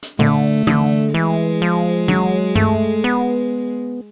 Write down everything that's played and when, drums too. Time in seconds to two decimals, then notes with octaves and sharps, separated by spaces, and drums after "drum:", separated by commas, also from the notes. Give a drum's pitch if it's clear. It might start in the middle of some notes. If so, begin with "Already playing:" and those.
0.03 drum: hi-hat
0.19 D3 A3, drum: tom A#2
0.67 D3, drum: tom
1.14 E3 G#3
1.62 F3
2.08 F#3, drum: tom
2.56 A3, drum: tom G2
3.04 B3